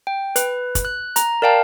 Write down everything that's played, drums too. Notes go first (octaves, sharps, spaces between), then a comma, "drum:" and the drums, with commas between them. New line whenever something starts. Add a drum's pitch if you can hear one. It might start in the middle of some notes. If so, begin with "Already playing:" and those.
G5
B4, drum: hi-hat
drum: kick, hi-hat
F#6
A#5, drum: hi-hat
A#4 D5 F5 G5 A5